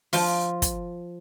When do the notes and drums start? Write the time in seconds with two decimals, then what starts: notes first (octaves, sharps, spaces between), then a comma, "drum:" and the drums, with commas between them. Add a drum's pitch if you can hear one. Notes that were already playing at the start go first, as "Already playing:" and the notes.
0.13 F3 F4, drum: open hi-hat
0.62 drum: kick, hi-hat